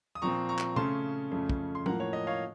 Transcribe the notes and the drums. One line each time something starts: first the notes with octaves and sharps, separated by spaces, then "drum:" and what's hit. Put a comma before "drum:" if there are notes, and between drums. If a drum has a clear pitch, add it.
D#6
A#2 F3 C4 A#5 C#6
A#5 C#6
drum: clap
C#3 A3 C#4 A5 C6, drum: tom B2
F2 C#3 A3 C#4
drum: kick
C6
A2 F3 A#3 F#5 A#5, drum: tom
C#5
D#5
C#5 F5